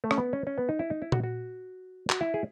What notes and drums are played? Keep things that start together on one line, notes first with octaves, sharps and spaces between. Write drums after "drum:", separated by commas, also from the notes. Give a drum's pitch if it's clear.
A3
C#4, drum: rim click
B3
C#4
C#4
B3
D#4
E4
D#4
E4
F#4, drum: tom A#2
F#4
F#4, drum: clap
E4
G#4